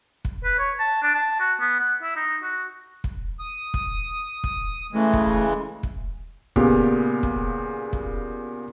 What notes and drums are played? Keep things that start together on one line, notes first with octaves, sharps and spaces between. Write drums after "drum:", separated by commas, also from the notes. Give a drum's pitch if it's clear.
drum: kick
B4
C#5
A5
D4
A5
F#4
B3
F#5
E4
D#4
F#4
drum: kick
D#6
drum: kick
drum: kick
C#3 E3 G#3 A3
drum: kick
drum: kick
A#2 C#3 B3 F4 G4, drum: kick
drum: kick
drum: kick